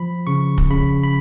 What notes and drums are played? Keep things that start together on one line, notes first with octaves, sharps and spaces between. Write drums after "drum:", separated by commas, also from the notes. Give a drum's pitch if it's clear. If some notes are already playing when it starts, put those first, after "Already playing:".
Already playing: F3 B5
C#3 C#6
drum: kick
C#3 B5
B5